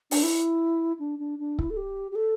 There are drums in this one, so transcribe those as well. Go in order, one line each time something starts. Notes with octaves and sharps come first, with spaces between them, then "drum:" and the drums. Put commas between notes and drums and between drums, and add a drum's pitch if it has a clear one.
D4, drum: open hi-hat
E4
D4
D4
D4
E4, drum: kick C#1
A4
G4
G4
A4